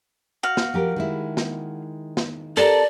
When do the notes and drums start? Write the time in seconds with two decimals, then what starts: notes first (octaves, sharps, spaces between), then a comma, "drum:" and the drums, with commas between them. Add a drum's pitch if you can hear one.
0.43 F#4 F5
0.57 drum: snare
0.74 F3 G4 A#4
0.96 D#3 G#3 E4
1.37 drum: snare
2.17 drum: snare
2.57 C4 G4 A4 A#4 D5 A5 A#5